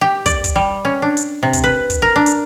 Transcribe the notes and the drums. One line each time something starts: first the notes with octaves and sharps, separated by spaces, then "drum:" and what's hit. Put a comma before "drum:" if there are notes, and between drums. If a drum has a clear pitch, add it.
G4
D5, drum: kick, hi-hat
drum: kick, hi-hat
G3
C#4
D4
drum: hi-hat
C3
drum: kick, hi-hat
B4
drum: kick, hi-hat
A#4
D4
drum: hi-hat